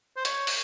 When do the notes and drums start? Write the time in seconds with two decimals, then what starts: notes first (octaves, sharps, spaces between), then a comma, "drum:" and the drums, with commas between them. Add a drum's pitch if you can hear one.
0.17 C5
0.25 C#5, drum: hi-hat
0.47 drum: open hi-hat